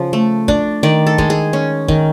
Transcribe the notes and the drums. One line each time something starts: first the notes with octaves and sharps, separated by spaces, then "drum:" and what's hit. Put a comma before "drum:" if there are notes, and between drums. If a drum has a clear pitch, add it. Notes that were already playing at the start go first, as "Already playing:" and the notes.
Already playing: C#3 F3
A3
D4, drum: kick
D#3 D5
A4
G#3, drum: kick
G#4
C#4
D#3, drum: kick